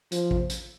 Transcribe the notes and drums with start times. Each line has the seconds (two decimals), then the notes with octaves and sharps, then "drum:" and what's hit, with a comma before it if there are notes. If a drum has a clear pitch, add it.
0.12 F3, drum: hi-hat
0.31 drum: kick
0.50 drum: hi-hat